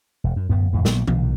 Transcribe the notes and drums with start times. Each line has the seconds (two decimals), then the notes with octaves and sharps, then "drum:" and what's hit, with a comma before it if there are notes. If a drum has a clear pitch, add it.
0.24 E1
0.36 F#2
0.49 D1 F#2 B3
0.73 D#1 F2 A2 D#3
0.85 A#1 A#2 F#3 B3, drum: snare
1.07 B1 A#2 D3, drum: tom E3